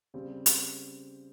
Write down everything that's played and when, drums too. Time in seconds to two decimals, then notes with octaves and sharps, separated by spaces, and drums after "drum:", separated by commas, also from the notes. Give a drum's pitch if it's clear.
0.14 C#3 G3 C4
0.46 drum: hi-hat